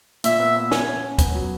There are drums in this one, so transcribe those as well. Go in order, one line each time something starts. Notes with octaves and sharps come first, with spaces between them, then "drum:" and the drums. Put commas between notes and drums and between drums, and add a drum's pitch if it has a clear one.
A#2 E5, drum: hi-hat
B3
B3
C#4 G#5, drum: snare
C#4
C#4
B3, drum: kick, hi-hat
F#3